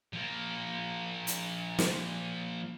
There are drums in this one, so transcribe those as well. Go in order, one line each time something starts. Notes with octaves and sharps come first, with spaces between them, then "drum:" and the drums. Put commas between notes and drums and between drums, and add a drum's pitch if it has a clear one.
F3 A#3
drum: hi-hat
drum: snare